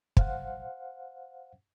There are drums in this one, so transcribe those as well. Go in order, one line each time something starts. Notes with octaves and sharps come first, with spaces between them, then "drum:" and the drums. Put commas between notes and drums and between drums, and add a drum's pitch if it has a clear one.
C5 F5 F#5, drum: kick